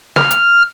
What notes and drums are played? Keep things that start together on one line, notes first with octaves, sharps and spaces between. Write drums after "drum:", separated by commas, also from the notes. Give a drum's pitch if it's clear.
F6, drum: snare
drum: hi-hat